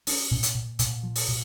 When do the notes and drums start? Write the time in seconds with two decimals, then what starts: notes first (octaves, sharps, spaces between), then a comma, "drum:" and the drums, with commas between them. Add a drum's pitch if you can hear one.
0.07 C#4, drum: open hi-hat
0.31 A#2
0.43 drum: hi-hat
0.55 A#2
0.79 A#2, drum: hi-hat
1.03 F3
1.16 drum: open hi-hat
1.28 A#2